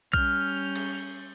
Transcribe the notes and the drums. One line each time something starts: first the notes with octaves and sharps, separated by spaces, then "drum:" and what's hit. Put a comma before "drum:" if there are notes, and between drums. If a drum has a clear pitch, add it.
G3 C#4 F6 G6, drum: kick A#1
drum: cymbal